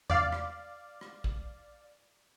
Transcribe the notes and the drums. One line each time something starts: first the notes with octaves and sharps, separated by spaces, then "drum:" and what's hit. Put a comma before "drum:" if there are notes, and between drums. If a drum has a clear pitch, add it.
D5 F5, drum: tom E2
drum: rim click
drum: rim click
drum: kick A1